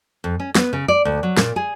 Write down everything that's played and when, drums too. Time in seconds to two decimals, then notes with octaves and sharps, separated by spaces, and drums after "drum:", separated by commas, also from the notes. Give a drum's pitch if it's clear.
0.24 F2
0.40 C#4
0.55 B3, drum: snare
0.73 C#3
0.88 D5
1.05 D2
1.23 F#3
1.37 A#2, drum: snare
1.56 G#4